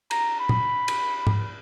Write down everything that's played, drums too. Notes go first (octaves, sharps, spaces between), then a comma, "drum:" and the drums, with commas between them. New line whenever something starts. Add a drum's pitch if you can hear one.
A#5, drum: cymbal
B5
drum: tom
drum: cymbal
drum: tom